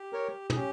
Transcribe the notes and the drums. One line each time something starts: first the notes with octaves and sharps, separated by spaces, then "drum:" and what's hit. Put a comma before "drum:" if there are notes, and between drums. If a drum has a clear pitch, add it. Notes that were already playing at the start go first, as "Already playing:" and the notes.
Already playing: G4
A#4 C#5
G#4, drum: tom
C#4 G4